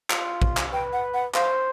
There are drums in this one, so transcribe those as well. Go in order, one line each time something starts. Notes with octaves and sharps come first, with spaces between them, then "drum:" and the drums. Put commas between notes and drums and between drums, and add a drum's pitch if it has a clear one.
F4, drum: clap
drum: kick
drum: clap
B4 G5
F#5
F#5
C5 F5, drum: clap